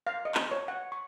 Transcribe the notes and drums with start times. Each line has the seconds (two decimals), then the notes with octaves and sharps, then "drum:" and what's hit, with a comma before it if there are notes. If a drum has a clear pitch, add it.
0.07 F5
0.25 D#5
0.35 drum: clap
0.51 C#5
0.68 F#5
0.92 C#6